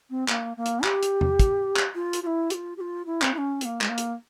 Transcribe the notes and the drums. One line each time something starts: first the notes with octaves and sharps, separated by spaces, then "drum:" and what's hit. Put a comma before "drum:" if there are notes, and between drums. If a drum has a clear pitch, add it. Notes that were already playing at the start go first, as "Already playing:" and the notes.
C4
A#3, drum: clap
A#3
drum: hi-hat
G4, drum: clap
drum: hi-hat
drum: tom E2
drum: kick, hi-hat
drum: clap
F4
drum: hi-hat
F4
E4
G4, drum: hi-hat
F4
G4
F4
E4
C4, drum: clap
E4
C#4
C4, drum: hi-hat
A#3
G#3, drum: clap
A#3
drum: hi-hat